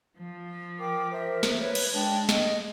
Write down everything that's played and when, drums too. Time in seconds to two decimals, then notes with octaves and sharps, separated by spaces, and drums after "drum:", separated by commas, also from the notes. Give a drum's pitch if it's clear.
0.18 F3
0.79 A#4 G5 D6
1.11 A#4 C5 E5
1.43 drum: snare
1.60 B4 C#5
1.75 drum: cymbal
1.93 G#3 D4 G5 A5
2.29 D#5, drum: snare